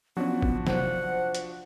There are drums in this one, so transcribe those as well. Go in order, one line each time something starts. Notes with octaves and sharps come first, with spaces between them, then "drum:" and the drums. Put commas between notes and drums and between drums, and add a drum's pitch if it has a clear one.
F3 F#3 B3 C#4 D4 F#4
drum: kick
C3 F#3 C5 F#5, drum: snare
drum: hi-hat